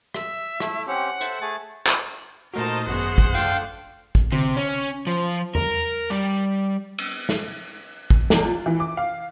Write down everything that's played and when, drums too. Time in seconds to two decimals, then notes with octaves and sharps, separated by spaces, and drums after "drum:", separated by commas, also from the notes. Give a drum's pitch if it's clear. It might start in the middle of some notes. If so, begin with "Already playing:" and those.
0.14 E5, drum: rim click
0.60 A3 E4, drum: rim click
0.87 C4 C#4 G4 F#5
1.21 A4 C5 E5, drum: hi-hat
1.41 A3 G#4 A5
1.86 drum: clap
2.54 A#2 A3 D#4 F#4 A#4 C5 D#5 A5
2.87 G#1 F#2 B3 F#4 G#4 C5 F#5
3.18 drum: kick
3.34 F3 A3 D4 F5 G5, drum: hi-hat
4.15 drum: kick
4.32 C3, drum: tom D3
4.57 C#4
5.07 F3
5.55 A#4, drum: tom E2
6.10 G3
6.98 drum: cymbal
7.29 drum: snare
8.10 drum: kick
8.30 E2, drum: snare
8.45 F4
8.66 E3
8.80 D6
8.97 F5